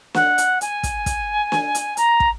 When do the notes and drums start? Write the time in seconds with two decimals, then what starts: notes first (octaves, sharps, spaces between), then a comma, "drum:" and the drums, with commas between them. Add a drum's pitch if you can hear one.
0.14 F#5, drum: snare
0.38 drum: hi-hat
0.61 G#5, drum: hi-hat
0.83 drum: kick, hi-hat
1.06 drum: kick, hi-hat
1.52 drum: snare
1.75 drum: hi-hat
1.97 A#5, drum: hi-hat
2.20 drum: kick